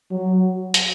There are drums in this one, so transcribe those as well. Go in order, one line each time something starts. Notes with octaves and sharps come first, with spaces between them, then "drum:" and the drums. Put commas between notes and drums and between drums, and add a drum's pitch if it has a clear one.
F#3
drum: hi-hat